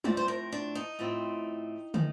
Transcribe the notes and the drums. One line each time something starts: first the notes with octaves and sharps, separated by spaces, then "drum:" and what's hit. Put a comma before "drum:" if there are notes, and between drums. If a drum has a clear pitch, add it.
A2 F3 A3 C4 D5, drum: tom G3
C5
A#4
D4
D#4
A2 F3 A3 C4
D#3, drum: tom